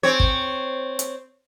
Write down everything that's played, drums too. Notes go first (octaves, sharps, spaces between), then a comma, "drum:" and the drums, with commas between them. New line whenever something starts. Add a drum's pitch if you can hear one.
C4 C#5
drum: kick
drum: hi-hat